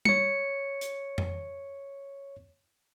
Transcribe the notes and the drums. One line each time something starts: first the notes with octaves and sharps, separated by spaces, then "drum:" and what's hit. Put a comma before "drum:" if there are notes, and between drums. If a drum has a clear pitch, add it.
C#5 C#7, drum: tom G3
drum: hi-hat
drum: tom F2